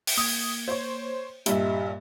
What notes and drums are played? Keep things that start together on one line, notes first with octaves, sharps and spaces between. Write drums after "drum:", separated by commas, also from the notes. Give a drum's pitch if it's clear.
drum: open hi-hat
A#3 D#6 G#6
C5 C#5
G2 A#2 G4 D#5 E5, drum: hi-hat